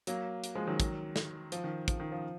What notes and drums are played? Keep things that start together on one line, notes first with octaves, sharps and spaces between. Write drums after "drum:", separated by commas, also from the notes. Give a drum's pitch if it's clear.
F#3 A#3, drum: hi-hat
drum: hi-hat
F3 G#3
D#3 F#3
drum: kick, hi-hat
drum: snare
F3, drum: hi-hat
D#3
F3, drum: kick, hi-hat
D#3
F3